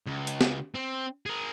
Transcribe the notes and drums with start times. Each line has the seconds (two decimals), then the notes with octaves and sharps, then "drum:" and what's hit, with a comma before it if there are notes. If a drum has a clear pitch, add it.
0.07 C#2
0.27 drum: hi-hat
0.41 drum: snare
0.75 C4
1.26 G#4 A#4